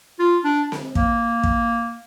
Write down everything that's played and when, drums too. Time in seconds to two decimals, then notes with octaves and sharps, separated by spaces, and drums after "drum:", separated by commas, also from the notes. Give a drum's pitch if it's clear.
0.19 F4
0.44 D4
0.72 drum: snare C4
0.95 A#3, drum: kick
1.43 drum: kick